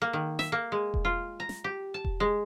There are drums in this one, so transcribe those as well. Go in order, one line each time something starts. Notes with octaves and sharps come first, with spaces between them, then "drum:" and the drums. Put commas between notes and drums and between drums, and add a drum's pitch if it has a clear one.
A#3
D#3
E5, drum: snare
A#3
G#3
drum: kick E1
F4
A#5
drum: snare
G4
A5
drum: kick E1
G#3